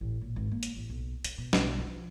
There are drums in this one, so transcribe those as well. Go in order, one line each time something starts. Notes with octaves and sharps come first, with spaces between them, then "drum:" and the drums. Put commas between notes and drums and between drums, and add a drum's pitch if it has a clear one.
A1
A#2
G#1
A#3
drum: hi-hat
A1
B1
D3, drum: hi-hat
B2
B1, drum: snare
F3